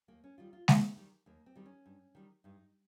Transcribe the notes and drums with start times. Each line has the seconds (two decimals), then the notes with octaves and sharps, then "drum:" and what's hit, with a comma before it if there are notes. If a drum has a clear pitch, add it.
0.08 D#2 A#3
0.24 C#4
0.38 D#3 G3 F4
0.53 F4
0.68 D#2 D#4, drum: snare G#3
0.97 D#3 G3
1.26 D#2 A#3
1.46 C4
1.56 D#3 G3
1.66 C#4
1.86 G2
2.15 D#3 G3
2.44 G2 D#4